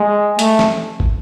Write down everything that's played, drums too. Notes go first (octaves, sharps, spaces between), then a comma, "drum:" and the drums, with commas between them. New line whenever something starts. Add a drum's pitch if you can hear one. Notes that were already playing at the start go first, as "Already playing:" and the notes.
Already playing: G#3
A3, drum: hi-hat
drum: snare
drum: kick